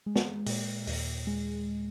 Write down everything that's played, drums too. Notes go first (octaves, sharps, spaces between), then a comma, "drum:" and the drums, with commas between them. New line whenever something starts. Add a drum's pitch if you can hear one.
G#3
drum: snare
A#2, drum: open hi-hat
D#2, drum: open hi-hat
G#3